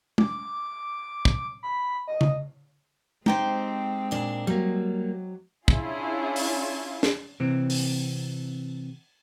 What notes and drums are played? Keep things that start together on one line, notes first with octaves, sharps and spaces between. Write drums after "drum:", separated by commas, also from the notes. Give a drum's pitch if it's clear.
D6, drum: tom G#3
drum: kick
B5
D#5
drum: tom C#3
G#3 C4 D#4 G4 C5, drum: tom G#3
A#2 D4 A#4
F#3 G3 A#3
C#4 D4 E4 F4 G#4, drum: kick
drum: open hi-hat
drum: snare
C3 E3 C4
drum: open hi-hat